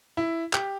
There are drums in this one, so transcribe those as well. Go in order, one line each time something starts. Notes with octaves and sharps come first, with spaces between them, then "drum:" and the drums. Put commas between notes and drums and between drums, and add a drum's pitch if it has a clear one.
E4
G4, drum: clap